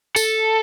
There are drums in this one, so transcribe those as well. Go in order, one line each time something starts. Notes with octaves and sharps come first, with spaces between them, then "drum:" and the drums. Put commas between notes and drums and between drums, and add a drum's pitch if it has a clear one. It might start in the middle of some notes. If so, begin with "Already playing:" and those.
A4, drum: tambourine